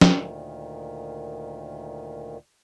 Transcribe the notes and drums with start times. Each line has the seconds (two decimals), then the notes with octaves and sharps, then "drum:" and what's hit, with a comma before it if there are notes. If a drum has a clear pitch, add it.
0.01 D2 A#2 D#3, drum: snare